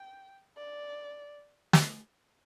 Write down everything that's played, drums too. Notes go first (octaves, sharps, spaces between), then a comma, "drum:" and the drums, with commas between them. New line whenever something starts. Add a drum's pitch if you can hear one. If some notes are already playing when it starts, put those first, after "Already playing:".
Already playing: G5
D5
drum: snare